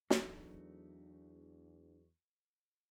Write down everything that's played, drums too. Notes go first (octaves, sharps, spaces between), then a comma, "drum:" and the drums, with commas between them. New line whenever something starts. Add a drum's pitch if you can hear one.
E2 F#3 A3 D4 D#4, drum: snare